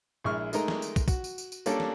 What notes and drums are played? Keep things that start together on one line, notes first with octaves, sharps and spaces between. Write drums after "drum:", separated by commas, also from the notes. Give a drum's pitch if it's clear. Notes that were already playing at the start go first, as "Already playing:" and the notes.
A#1 G#3 E4 C#6 F6
G#3 A3 D#4 A#4, drum: tambourine
drum: snare
drum: tambourine
drum: kick, tambourine
F#4, drum: kick, tambourine
drum: tambourine
drum: tambourine
drum: tambourine
G3 A#3 C#4 D4 A4, drum: tambourine
drum: snare